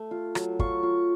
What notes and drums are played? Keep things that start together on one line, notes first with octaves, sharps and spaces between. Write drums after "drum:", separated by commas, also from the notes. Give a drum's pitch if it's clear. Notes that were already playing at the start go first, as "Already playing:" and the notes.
Already playing: A3
F4
F#3, drum: rim click
F4 C#6, drum: kick
F4